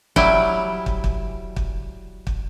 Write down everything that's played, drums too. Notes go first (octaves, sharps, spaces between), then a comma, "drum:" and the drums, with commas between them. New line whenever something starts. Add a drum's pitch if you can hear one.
F#3 G3 E4 G5 G#5, drum: kick
drum: kick
drum: kick
drum: kick
drum: kick